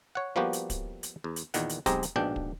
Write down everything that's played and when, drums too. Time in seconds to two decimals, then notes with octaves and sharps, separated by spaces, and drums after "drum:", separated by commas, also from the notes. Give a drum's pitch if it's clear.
0.15 C#5 F#5
0.36 F3 G3 A#3 B3 F#4 G4
0.53 drum: hi-hat
0.70 drum: kick, hi-hat
1.03 drum: hi-hat
1.24 E2
1.36 drum: hi-hat
1.54 E2 A#2 D#3 F#5, drum: hi-hat
1.69 drum: hi-hat
1.86 B1 G#3 C4 G4 G#4 A#5, drum: kick, hi-hat
2.03 drum: hi-hat
2.16 A#1 G#2 B2 D4 G5
2.36 drum: kick